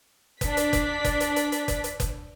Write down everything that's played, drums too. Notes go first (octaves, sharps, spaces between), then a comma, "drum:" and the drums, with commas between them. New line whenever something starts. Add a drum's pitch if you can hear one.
D4 B6, drum: kick F#1, hi-hat
drum: hi-hat
drum: kick F#1, hi-hat
drum: kick F#1, hi-hat
drum: hi-hat
drum: hi-hat
drum: hi-hat
drum: kick F#1, hi-hat
drum: hi-hat
drum: kick F#1, hi-hat